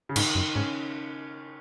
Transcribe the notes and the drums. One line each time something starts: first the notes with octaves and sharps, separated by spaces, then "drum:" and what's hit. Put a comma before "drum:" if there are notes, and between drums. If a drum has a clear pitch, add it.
C#3
G#2 D#3, drum: cymbal
F#2
G#2 C#4